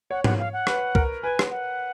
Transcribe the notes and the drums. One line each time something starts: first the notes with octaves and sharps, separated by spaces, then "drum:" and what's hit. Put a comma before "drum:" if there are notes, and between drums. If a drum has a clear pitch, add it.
C#5 F#5
F#5, drum: tom G#2
F5
F#5
B4, drum: rim click
A#4, drum: kick C#2
B4 G#5
drum: rim click
F#5